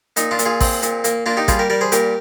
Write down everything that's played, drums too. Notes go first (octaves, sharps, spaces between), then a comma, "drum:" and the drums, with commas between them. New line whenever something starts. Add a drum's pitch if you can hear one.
A#2 D#4, drum: hi-hat
D4 F4
A#2, drum: hi-hat
F4 G#4
C4, drum: kick A1, open hi-hat
A#2, drum: hi-hat
A#3, drum: hi-hat
A#3 D4 F4
D#4 G4
G3 F4 G#4, drum: kick A1, hi-hat
G4 A#4
G3 A#4 D5
G#4 C5
A#2 G4 A#4, drum: hi-hat